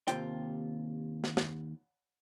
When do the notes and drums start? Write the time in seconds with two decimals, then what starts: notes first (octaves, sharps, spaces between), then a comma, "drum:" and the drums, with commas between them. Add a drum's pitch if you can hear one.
0.08 D#2 C3 F4 G5, drum: hi-hat
1.24 drum: snare
1.37 drum: snare